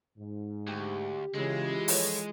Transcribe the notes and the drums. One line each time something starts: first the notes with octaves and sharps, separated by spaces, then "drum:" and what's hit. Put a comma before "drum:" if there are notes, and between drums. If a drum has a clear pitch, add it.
G#2
D2 G4
C#3 E3 G#3 E4 F4
F3 A4 C#5, drum: open hi-hat